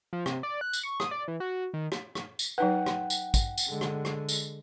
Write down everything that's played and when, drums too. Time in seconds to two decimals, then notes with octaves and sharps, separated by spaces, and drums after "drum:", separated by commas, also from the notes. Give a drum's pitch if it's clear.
0.13 F3
0.26 C3, drum: rim click
0.43 D5
0.61 F#6
0.73 drum: tambourine
0.83 C#6
1.00 D#6, drum: rim click
1.11 D5
1.28 E3
1.40 F#4
1.74 D#3
1.92 drum: rim click
2.15 drum: rim click
2.39 drum: tambourine
2.58 F#3 D#4 B4 F#5 G5
2.86 drum: rim click
3.10 drum: tambourine
3.34 drum: kick, tambourine
3.58 drum: tambourine
3.68 D3 G#3
3.81 drum: rim click
4.05 drum: rim click
4.29 drum: tambourine